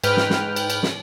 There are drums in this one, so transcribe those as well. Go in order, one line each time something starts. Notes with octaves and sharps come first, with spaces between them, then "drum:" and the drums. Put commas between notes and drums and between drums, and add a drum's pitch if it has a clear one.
G#2 B4 G5 F6, drum: cymbal
drum: snare
drum: snare
drum: cymbal
drum: cymbal
drum: snare